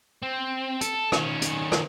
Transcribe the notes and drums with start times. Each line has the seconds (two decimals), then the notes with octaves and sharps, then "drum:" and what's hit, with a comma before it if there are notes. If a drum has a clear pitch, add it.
0.22 C4
0.81 A4, drum: hi-hat
1.12 D#3 C#4, drum: rim click
1.42 drum: hi-hat
1.72 drum: rim click